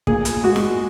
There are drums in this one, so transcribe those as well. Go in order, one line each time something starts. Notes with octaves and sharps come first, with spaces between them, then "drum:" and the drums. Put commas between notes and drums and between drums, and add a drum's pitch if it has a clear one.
A#2 G#4, drum: kick
drum: hi-hat
G#3 F#4
drum: snare